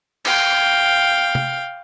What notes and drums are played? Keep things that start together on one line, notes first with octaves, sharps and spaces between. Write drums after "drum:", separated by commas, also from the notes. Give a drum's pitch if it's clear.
F5 G5, drum: cymbal
drum: tom